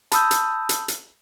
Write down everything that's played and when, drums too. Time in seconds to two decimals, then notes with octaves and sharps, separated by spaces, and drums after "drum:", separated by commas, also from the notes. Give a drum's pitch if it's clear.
0.12 A5 B5 D#6 E6 G6, drum: hi-hat
0.31 drum: hi-hat
0.69 drum: hi-hat
0.88 drum: hi-hat